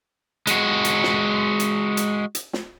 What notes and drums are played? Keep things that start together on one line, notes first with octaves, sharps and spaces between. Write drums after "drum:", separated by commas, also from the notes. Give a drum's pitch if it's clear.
G#3 F#4, drum: hi-hat
drum: hi-hat
drum: snare
drum: hi-hat
drum: hi-hat
drum: hi-hat
drum: snare